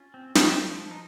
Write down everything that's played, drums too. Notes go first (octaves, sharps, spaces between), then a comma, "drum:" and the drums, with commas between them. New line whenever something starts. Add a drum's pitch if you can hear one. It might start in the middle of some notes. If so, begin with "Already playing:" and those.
Already playing: C#4 F4
C4
C4, drum: snare
F3
F3
D#4